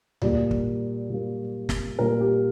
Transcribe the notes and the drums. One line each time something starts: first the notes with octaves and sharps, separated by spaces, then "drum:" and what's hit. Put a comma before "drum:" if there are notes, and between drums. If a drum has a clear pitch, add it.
A#2 G3 A#3 D5, drum: tom D2
drum: kick
A#2 G3 A#3
drum: snare
A#2 G3 A#3 A#4
G4